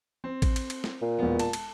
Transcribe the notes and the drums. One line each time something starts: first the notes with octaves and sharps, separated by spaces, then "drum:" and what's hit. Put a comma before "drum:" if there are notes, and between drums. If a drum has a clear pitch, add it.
C4
drum: kick A1, cymbal
drum: cymbal
drum: cymbal
drum: snare
A#2
E1 B3
A5, drum: cymbal
drum: cymbal